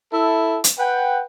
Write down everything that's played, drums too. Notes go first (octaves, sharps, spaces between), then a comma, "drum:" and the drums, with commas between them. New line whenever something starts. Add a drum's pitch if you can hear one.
E4 A4
drum: hi-hat
B4 F#5 G5